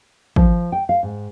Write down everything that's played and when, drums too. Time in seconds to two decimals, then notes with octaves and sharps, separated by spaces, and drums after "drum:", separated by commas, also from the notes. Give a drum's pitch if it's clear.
0.36 F3, drum: kick
0.72 G5
0.89 F5
1.03 G#2